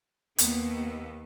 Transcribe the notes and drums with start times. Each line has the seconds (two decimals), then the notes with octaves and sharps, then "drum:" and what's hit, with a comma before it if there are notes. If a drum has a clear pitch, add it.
0.38 D#2 A#3 B3, drum: hi-hat